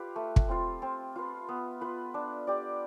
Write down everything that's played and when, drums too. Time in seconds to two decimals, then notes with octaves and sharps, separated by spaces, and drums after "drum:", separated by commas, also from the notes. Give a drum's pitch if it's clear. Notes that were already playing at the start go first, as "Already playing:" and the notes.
Already playing: F4 G4 B4 F5
0.16 A3
0.36 drum: kick
0.49 C4 F4
0.82 C4
1.16 F4 B4
1.49 B3
1.81 F4 B4
2.14 D4
2.47 G4 D5